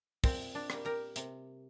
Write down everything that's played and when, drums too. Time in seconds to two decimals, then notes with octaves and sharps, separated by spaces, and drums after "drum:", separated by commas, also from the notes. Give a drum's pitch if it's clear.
0.24 A#2 C4, drum: kick, open hi-hat
0.55 D4
0.70 G3 A#3, drum: rim click
0.85 G4 A#4
1.16 C3, drum: hi-hat